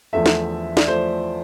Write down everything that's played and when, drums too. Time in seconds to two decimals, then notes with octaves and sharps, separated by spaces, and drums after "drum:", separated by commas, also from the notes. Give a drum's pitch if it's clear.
0.13 E2 D3 F3 A3 E5
0.26 drum: snare
0.77 D5, drum: snare
0.87 D3 F3 A3 C5